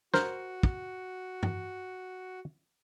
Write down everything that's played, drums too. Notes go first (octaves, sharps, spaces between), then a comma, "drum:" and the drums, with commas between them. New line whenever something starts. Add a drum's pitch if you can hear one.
F#4 A#4 C5, drum: snare
drum: kick
drum: tom